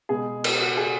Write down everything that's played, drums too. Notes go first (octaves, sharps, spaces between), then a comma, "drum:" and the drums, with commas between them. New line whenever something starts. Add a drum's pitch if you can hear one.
B2 G#3 B3 G#4
drum: cymbal
F#4
G#4